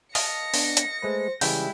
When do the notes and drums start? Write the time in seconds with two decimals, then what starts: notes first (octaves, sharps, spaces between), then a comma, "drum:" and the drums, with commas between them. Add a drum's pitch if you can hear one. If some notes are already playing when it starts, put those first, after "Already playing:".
0.15 D#5 F5 A5 A#6 C#7, drum: open hi-hat
0.54 B3 D4, drum: open hi-hat
0.77 drum: hi-hat
1.02 G#3 A3 B4 C5
1.41 C#3 E3 G3 G#3 E4 G5 G#5, drum: open hi-hat